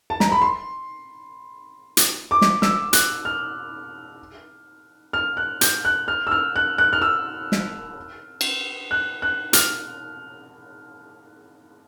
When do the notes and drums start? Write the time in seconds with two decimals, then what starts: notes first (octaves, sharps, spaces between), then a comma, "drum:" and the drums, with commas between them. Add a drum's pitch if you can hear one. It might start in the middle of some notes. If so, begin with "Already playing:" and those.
0.10 A5
0.20 A#5, drum: snare
0.32 B5
0.42 C6
1.97 drum: hi-hat
2.31 D6
2.42 drum: snare
2.62 E6, drum: snare
2.93 F#6, drum: hi-hat
3.25 F6
5.13 F6
5.37 F#6
5.61 G6, drum: hi-hat
5.85 F#6
6.08 F6
6.27 E6
6.31 F6
6.56 F#6
6.78 F#6
6.93 F6
7.02 E6
7.52 drum: snare
8.41 drum: cymbal
8.91 F#6
9.22 F#6
9.53 F6, drum: hi-hat